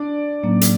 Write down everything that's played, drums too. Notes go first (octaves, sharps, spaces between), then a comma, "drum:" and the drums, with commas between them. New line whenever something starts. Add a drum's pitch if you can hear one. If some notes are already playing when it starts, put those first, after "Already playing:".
Already playing: D4 D5
A2 F#3 A#3 C#4
drum: hi-hat